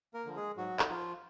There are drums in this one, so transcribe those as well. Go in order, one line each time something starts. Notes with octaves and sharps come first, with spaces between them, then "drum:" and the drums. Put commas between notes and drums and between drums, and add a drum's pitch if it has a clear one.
A#3 A#4
D3 F3
G#3 G#4
G#2 F#3 F#4
D#4, drum: clap
F3 F4